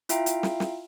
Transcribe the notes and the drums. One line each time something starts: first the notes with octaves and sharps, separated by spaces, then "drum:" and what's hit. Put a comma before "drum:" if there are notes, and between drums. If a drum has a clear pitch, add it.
E4 F4 E5 F5 G5 A#5, drum: hi-hat
drum: hi-hat
drum: snare
drum: snare